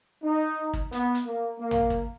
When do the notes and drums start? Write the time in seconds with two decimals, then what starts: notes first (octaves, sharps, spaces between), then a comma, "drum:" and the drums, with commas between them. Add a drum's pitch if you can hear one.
0.23 D#4
0.73 drum: kick
0.92 B3, drum: hi-hat
1.15 drum: hi-hat
1.25 A#3
1.59 A#3
1.71 drum: tom A1
1.90 drum: kick